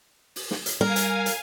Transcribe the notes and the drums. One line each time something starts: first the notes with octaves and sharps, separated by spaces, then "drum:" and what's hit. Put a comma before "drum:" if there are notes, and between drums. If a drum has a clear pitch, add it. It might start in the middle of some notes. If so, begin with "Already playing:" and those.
drum: open hi-hat
drum: snare
drum: hi-hat
G3 A#4 F5 G#5
drum: hi-hat
drum: hi-hat